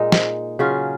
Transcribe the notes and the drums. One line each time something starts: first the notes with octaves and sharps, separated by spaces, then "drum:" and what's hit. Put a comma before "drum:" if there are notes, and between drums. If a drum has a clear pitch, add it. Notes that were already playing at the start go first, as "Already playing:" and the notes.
Already playing: A#2 G#3 D#4
drum: snare
C#3 F#3 C#4 F4